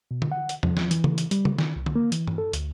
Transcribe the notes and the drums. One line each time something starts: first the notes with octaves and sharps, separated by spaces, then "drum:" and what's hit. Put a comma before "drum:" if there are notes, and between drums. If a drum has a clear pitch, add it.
B2
drum: tom D3
F#5
drum: hi-hat
F3, drum: tom E2
drum: snare
E3, drum: hi-hat
drum: tom C#3
drum: hi-hat
G3, drum: hi-hat
drum: tom C#3
D#3, drum: snare
C2
drum: tom D3
A#3
E3, drum: hi-hat
drum: tom
A4
D2, drum: hi-hat